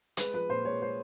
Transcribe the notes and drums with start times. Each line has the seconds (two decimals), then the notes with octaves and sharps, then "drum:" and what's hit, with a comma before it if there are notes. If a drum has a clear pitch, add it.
0.17 G#3 B4, drum: hi-hat
0.34 F3 B4
0.49 A#2 C5
0.65 G#3 C#5
0.82 G#3 C5